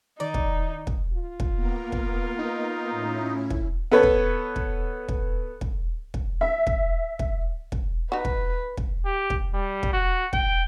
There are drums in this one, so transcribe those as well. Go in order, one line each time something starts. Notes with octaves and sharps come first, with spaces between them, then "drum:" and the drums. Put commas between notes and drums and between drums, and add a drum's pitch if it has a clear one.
D#3 D#4 D5 A#5
drum: kick
drum: kick
F4
drum: kick
A#3 B3 A#4
drum: kick
D#4
A2 C#4 E4
drum: kick
B3 A4 B4 C#5
drum: kick
drum: kick
drum: kick
drum: kick
drum: kick
E5
drum: kick
drum: kick
drum: kick
D#4 F#4 B4
drum: kick
drum: kick
G4
drum: kick
G3
drum: kick
F#4
G5, drum: kick